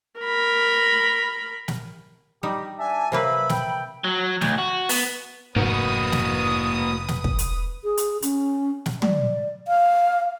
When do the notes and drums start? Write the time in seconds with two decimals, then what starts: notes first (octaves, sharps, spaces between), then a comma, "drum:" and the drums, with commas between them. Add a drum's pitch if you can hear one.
0.20 A#4 B5
1.68 drum: snare
2.43 G3 D#4 G4
2.79 D4 E5 G#5 A5
3.12 C3 F#3 A#3 B4 E5 B5
3.49 G5, drum: snare
4.04 F#3
4.41 D2, drum: snare
4.58 F#4
4.89 B3, drum: open hi-hat
5.56 F1 F2 G#2 A#3 F#4 B4 D#6
6.12 drum: snare
7.08 drum: snare
7.24 drum: kick
7.39 drum: hi-hat
7.84 G#4
7.97 drum: hi-hat
8.22 C#4, drum: hi-hat
8.86 drum: snare
9.02 D5, drum: tom
9.68 F5